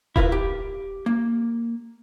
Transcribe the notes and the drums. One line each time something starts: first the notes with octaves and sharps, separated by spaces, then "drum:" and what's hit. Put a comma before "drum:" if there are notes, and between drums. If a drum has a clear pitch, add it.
E4 F4 A#4 B4, drum: kick D#1
G4
A#3